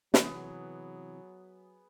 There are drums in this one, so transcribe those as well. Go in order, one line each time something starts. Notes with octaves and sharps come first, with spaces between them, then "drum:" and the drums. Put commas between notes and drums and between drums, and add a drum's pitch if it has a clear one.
C3 E3 F#3 B3 G#4, drum: snare